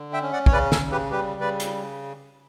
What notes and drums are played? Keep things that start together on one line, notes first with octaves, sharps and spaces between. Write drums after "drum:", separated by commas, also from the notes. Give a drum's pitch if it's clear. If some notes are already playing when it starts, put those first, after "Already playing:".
Already playing: D3
E5 G5
C#4
D5 F#5
C#5, drum: kick
C#3 B4 D5
A4 C#5, drum: snare
C#3
G4 B4
G3 G4 B4
C#3 B4 D5
drum: hi-hat